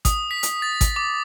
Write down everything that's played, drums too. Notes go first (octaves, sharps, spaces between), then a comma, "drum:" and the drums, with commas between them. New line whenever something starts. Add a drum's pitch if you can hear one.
D#6, drum: kick G#1, hi-hat
B6
drum: hi-hat
A6
drum: kick G#1, hi-hat
D6